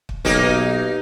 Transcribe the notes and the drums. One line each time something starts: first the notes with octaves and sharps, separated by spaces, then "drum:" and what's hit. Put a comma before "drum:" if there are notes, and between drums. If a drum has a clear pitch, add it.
drum: kick
B1 A#3 D#4 G4, drum: kick